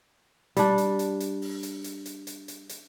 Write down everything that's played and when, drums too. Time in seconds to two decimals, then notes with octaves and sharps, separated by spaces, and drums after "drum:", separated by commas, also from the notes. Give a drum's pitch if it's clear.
0.57 G3 D4, drum: hi-hat
0.78 drum: hi-hat
0.99 drum: hi-hat
1.20 drum: hi-hat
1.42 drum: open hi-hat
1.63 drum: hi-hat
1.84 drum: hi-hat
2.06 drum: hi-hat
2.27 drum: hi-hat
2.48 drum: hi-hat
2.69 drum: hi-hat